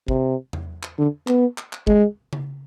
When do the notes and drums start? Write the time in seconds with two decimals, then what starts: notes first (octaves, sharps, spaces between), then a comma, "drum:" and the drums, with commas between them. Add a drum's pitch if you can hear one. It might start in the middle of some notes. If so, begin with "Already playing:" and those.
0.08 C3, drum: kick
0.53 drum: tom E2
0.83 drum: clap
0.98 D3
1.28 B3, drum: clap
1.58 drum: clap
1.73 drum: clap
1.87 G#3, drum: kick
2.33 drum: tom C#3